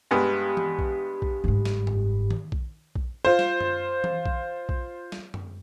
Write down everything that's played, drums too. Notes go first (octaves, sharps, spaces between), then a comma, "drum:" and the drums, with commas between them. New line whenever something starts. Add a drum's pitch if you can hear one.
G2 G#3 B3 G4
drum: tom E3
drum: kick B1
drum: kick B1
G1 G#2
drum: snare
drum: tom F#2
drum: tom D#3
drum: kick B1
drum: kick B1
F4 C5
drum: snare
drum: tom F#2
drum: tom E3
drum: kick B1
drum: kick B1
drum: snare
drum: tom F#2